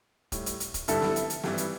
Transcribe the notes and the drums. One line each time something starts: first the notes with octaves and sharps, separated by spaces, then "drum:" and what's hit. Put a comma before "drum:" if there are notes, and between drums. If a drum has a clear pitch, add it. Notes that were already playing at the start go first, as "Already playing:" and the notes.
A2 G3, drum: kick, hi-hat
drum: hi-hat
drum: hi-hat
drum: kick, hi-hat
G2 D3 G3 E4 A4, drum: hi-hat
drum: snare
drum: hi-hat
drum: hi-hat
G2 E3 G3, drum: snare
drum: hi-hat